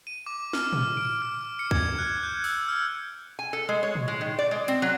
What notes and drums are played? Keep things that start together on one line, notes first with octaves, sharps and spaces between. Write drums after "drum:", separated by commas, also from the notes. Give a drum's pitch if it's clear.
D#7
D6
F6, drum: snare
F6, drum: tom
D7
F6
C#7
G#6, drum: kick
F#6
G6
E6, drum: open hi-hat
F6
G#5
A4
G#3
C#5
drum: tom
G#3
D#3
D5
G#3
C4, drum: hi-hat
F#3